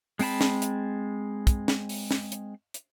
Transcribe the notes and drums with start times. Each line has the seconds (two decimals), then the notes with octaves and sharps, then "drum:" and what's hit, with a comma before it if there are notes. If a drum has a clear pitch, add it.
0.19 G#3 C4 G5 A5 B5, drum: open hi-hat
0.41 drum: snare
0.62 drum: hi-hat
1.47 drum: kick, hi-hat
1.68 drum: snare
1.89 drum: open hi-hat
2.11 drum: snare
2.32 drum: hi-hat
2.74 drum: hi-hat